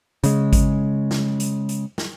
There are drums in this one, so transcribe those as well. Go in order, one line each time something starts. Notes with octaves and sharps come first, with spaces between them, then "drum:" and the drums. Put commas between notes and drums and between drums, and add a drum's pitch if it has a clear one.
C#3 G#3, drum: hi-hat
drum: kick G#1, hi-hat
drum: snare
drum: hi-hat
drum: hi-hat
drum: snare